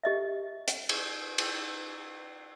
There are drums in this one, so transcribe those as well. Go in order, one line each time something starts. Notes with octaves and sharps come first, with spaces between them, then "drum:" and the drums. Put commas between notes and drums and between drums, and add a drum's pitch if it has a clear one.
G4 D#5 E5
drum: hi-hat
drum: cymbal
drum: cymbal